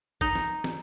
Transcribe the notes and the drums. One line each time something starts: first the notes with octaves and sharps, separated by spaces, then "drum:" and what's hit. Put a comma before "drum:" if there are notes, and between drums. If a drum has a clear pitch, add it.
D#4, drum: kick G#1
drum: snare
drum: snare